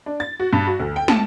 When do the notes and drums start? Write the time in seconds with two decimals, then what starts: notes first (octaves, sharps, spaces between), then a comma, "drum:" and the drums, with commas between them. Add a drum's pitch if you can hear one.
0.06 D4
0.20 A6
0.40 F#4
0.53 G2
0.67 F#4
0.79 D2
0.96 G5
1.08 A5, drum: snare